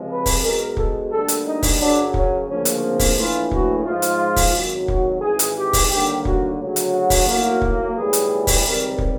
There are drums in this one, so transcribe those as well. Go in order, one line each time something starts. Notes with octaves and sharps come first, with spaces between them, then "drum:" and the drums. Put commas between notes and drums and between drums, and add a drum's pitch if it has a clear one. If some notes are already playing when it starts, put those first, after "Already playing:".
Already playing: C#2 C3 F3 G#3
B4
drum: kick, open hi-hat
B1 B2 G#3 A#4
A4, drum: kick
D2 D3 G3 A#3 A4
drum: hi-hat
D#4
drum: kick, open hi-hat
F#2 C#3 F#3 D4
C#4, drum: kick
D2 C#3 F3 A#3 C#4
drum: hi-hat
C4
drum: kick, open hi-hat
A#1 A2 E3 A3 F4
F#4, drum: kick
G#2 F3 G#3 F4
drum: hi-hat
drum: kick, open hi-hat
G#1 F#2 D#3 F#3
F#4, drum: kick
G#1 G#2 E3 G#4
drum: hi-hat
G4
drum: kick, open hi-hat
D#2 D3 G3 A#3 G4
F#4, drum: kick
D2 C#3 F#3
drum: hi-hat
F#4
drum: kick, open hi-hat
B1 A2 F#3 A#3
drum: kick
B1 A2 E3 G3 G#4
drum: hi-hat
drum: kick, open hi-hat
C#2 C3 D#3 G3 A#4
drum: kick